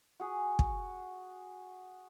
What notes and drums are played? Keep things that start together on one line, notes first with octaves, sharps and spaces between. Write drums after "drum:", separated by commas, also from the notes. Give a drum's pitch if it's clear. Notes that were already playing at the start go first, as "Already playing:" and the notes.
F#4 G#4
drum: kick